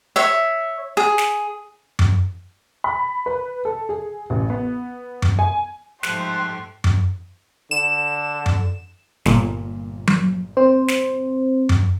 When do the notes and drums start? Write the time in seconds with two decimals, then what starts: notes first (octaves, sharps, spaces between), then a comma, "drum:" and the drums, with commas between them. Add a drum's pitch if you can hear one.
0.16 C#5 E5
0.97 G#4
1.18 drum: snare
1.99 drum: tom F#2
2.84 B5
3.26 B4
3.65 A4
3.89 G#4
4.30 A1
4.50 B3
5.22 drum: tom F#2
5.39 G#5
6.03 G#2 F3 A3 G4 C5 C6 F#6, drum: snare
6.84 drum: tom F#2
7.71 D3 E7
8.46 drum: tom F#2
9.25 G1 A#2, drum: snare
10.07 drum: tom F#3
10.57 C4 C5
10.88 drum: snare
11.69 drum: tom F#2